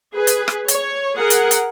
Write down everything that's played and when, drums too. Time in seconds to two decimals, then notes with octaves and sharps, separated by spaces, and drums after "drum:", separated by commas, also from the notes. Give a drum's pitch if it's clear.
0.15 G#4 B4
0.27 drum: hi-hat
0.48 drum: rim click
0.68 C#5, drum: hi-hat
1.16 G#4 A#4 F#5
1.30 drum: hi-hat
1.51 drum: hi-hat